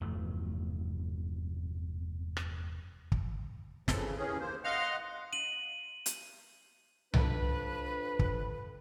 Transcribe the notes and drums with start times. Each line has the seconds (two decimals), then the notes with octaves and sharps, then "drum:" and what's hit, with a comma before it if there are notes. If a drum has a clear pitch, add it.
0.01 F1 E2 G2 A3
2.37 drum: rim click
3.12 drum: kick
3.88 C#3 E3 F3 C4 A4, drum: snare
4.18 D#2 E3 C#4 G#4
4.40 A#3 C5
4.64 D#5 F5 F#5 C6
5.33 D#7 F#7
6.06 drum: hi-hat
7.14 F2 D4 B4, drum: tom C2
8.19 drum: kick